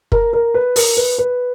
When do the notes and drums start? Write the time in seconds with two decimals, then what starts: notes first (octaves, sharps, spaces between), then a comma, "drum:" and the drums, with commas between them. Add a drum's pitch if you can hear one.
0.12 A#4, drum: kick
0.33 A#4
0.54 B4
0.76 A#4, drum: open hi-hat
0.97 B4
1.18 B4